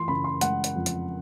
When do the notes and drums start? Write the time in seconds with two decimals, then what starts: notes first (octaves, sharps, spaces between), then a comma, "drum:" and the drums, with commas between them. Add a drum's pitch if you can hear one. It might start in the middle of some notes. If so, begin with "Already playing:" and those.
Already playing: E3 C6
0.08 C#3 B5
0.24 C6
0.41 G#3 F#5, drum: hi-hat
0.64 drum: hi-hat
0.76 F2
0.86 drum: hi-hat